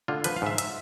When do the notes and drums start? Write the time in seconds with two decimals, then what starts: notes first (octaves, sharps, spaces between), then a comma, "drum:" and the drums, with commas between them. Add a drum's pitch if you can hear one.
0.08 D3 F4
0.24 F3 B4, drum: hi-hat
0.36 F5
0.42 G#2 E5
0.58 E5, drum: hi-hat